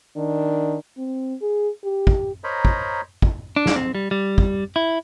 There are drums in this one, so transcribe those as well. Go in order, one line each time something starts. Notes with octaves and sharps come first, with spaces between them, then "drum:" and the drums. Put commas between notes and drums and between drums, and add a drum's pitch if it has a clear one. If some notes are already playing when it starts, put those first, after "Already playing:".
D#3 D4
C4
G#4
G4
drum: kick
A#4 C5 C#5 D#5 A#5 B5
drum: kick
drum: kick
D4
drum: snare
C4
G3
G3
drum: kick
E4